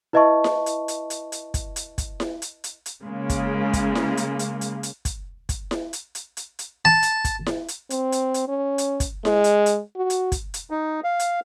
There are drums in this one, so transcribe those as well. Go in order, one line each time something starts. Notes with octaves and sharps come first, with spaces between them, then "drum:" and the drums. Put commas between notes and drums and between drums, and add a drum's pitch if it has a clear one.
E4 B4 D#5 E5 A5 C#6
drum: snare E4
drum: hi-hat
drum: hi-hat
drum: hi-hat
drum: hi-hat
drum: kick, hi-hat
drum: hi-hat
drum: kick, hi-hat
drum: snare E4
drum: hi-hat
drum: hi-hat
drum: hi-hat
C#3 G#3 A#3
drum: kick, hi-hat
drum: kick, hi-hat
drum: snare E4
drum: hi-hat
drum: hi-hat
drum: hi-hat
drum: hi-hat
drum: kick, hi-hat
drum: kick, hi-hat
drum: snare E4
drum: hi-hat
drum: hi-hat
drum: hi-hat
drum: hi-hat
A5
drum: hi-hat
drum: kick, hi-hat
drum: snare E4
drum: hi-hat
C4, drum: hi-hat
drum: hi-hat
drum: hi-hat
C#4
drum: hi-hat
drum: kick, hi-hat
G#3, drum: snare E4
drum: hi-hat
drum: hi-hat
F#4
drum: hi-hat
drum: kick, hi-hat
drum: hi-hat
D#4
F5
drum: hi-hat